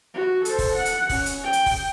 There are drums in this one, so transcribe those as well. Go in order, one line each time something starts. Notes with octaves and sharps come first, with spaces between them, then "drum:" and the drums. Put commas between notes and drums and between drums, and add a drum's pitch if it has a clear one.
F#4
A4 C5, drum: hi-hat
drum: kick, open hi-hat
F#5
drum: hi-hat
C#4, drum: kick, open hi-hat
drum: hi-hat
G5
drum: hi-hat
drum: kick, open hi-hat